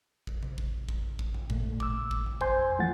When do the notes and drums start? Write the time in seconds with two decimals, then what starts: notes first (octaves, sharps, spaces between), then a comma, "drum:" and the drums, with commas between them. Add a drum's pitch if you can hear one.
0.27 drum: kick
0.43 drum: tom C3
0.58 drum: kick
0.89 drum: kick
1.19 drum: kick
1.34 drum: tom F#2
1.50 A#2 A3, drum: kick
1.80 D6 E6, drum: kick
2.11 drum: kick
2.26 drum: tom F#2
2.41 F2 C5 G#5 C6 G6, drum: kick
2.79 E3 F3 A3 F#5 A6